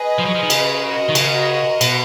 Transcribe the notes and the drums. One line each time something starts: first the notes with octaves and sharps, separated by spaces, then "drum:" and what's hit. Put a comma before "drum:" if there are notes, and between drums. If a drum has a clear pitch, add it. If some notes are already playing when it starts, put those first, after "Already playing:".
Already playing: G#4 B4 D#5
F3
F#3
F3
D#3
C#3, drum: cymbal
F#4 A#4 D#5
D#3
C#3, drum: cymbal
B2, drum: cymbal